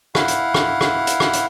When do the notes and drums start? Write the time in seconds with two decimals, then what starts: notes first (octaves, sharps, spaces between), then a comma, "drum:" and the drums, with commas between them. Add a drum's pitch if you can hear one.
0.15 E4 F5 F#5, drum: rim click
0.28 drum: hi-hat
0.54 drum: rim click
0.81 drum: rim click
1.07 drum: hi-hat
1.20 drum: rim click
1.33 drum: hi-hat